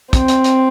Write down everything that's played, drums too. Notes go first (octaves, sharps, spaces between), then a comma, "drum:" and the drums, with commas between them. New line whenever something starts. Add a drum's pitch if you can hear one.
C4, drum: kick, hi-hat
drum: hi-hat
drum: hi-hat